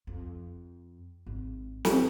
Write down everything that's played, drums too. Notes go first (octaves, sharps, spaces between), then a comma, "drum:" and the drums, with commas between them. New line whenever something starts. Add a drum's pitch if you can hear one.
F2
G#1
drum: snare